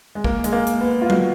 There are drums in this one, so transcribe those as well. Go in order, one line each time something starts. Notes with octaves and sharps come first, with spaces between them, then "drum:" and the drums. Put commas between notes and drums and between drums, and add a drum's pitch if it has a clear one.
G#3
A#3, drum: kick
G#3, drum: hi-hat
A#3
drum: hi-hat
B3
F4
F#4, drum: tom F#3